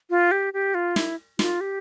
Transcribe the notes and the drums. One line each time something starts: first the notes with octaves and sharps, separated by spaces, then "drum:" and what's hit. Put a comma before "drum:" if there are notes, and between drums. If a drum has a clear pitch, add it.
F4
G4
G4
F4
E4, drum: snare
F4, drum: snare
G4